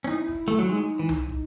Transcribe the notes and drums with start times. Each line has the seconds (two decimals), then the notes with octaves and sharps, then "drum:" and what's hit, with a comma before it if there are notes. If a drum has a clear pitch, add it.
0.04 C#4
0.08 D#4 E4
0.28 drum: kick
0.48 A3
0.59 F#3
0.68 G#3 D#4
0.99 E3
1.09 drum: tom C2
1.29 D#4, drum: kick